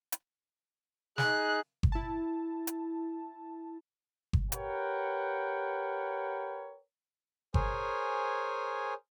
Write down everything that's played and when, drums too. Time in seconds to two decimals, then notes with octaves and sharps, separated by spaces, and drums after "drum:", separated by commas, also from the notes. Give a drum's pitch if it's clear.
0.12 drum: hi-hat
1.18 D#4 G#4 F#6, drum: snare
1.83 drum: kick G1
1.92 E4 A5
2.67 drum: hi-hat
4.33 drum: kick G1
4.52 G4 A#4 B4 C#5 F#5 G5, drum: hi-hat
7.54 G#4 A#4 C5 C#5 G#5, drum: kick G1